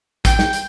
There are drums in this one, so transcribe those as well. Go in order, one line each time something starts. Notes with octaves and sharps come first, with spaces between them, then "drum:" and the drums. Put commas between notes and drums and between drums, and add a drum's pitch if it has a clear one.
G5, drum: kick, hi-hat
drum: snare
drum: hi-hat